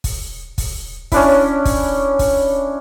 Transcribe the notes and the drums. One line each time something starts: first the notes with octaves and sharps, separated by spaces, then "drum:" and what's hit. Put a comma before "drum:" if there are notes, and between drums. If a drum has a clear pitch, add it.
drum: kick, open hi-hat
drum: kick, open hi-hat
C#4 D4 E4, drum: kick, open hi-hat
drum: kick, open hi-hat
drum: kick, open hi-hat